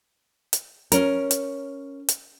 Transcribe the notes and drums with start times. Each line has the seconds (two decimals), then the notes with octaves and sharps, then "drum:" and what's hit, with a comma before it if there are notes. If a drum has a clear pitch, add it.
0.53 drum: hi-hat
0.92 C#4 A#4, drum: hi-hat
1.31 drum: hi-hat
2.09 drum: hi-hat